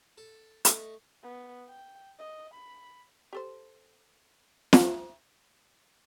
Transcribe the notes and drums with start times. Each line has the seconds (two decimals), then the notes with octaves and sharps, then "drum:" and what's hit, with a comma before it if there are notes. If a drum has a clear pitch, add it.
0.17 A4
0.65 A3 D#5, drum: hi-hat
1.23 B3
1.69 G5
2.19 D#5
2.54 B5
3.33 G4 A4 C5
4.73 drum: snare